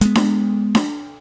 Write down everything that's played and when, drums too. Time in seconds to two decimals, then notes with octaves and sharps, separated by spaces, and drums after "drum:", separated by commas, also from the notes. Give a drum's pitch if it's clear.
0.01 G#3 B3, drum: hi-hat
0.15 drum: snare D4
0.75 drum: snare D4